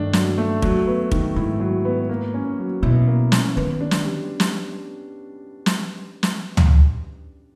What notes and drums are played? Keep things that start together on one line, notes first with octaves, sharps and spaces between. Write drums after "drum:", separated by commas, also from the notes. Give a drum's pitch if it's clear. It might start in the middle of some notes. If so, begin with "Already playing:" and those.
Already playing: G2 D#3 A3 D4
F#3, drum: snare
A3
F#3, drum: kick
B3
D#3, drum: kick
G#2 E4
F#3
B3
A#3
C#4
F#3
B2 E4
A#3
C#4, drum: snare
D#3 B3
D4
drum: snare
G3
drum: snare
drum: snare
drum: snare
drum: tom